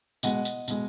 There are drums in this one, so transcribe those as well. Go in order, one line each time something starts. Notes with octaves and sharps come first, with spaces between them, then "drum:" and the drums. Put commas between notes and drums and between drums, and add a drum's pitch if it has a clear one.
B2 G#3 D#5 F#5, drum: tambourine
drum: tambourine
B2 G#3, drum: tambourine